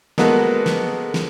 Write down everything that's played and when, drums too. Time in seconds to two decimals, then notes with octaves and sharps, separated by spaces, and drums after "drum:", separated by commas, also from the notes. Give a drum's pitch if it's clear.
0.18 G#3 A#3 B3 F#4 A4 B4, drum: snare
0.66 drum: snare
1.14 drum: snare